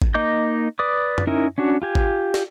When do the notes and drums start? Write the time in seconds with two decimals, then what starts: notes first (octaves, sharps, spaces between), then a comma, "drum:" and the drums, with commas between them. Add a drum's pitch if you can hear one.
0.02 drum: kick G#1
0.14 A#3 D#4 D#5 D6 G6
0.79 B4 D5 D6 D#6
1.18 drum: tom F#2
1.27 C#4 D#4 E4 A#4
1.58 C#4 D4 F#4
1.82 F4 G4 G#5
1.95 drum: kick G#1
2.34 drum: snare